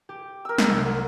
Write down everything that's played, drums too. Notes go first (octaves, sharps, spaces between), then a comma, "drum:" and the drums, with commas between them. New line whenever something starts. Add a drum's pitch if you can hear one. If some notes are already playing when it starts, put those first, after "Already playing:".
G4
A#4 E6
drum: snare
C2 F#3 C7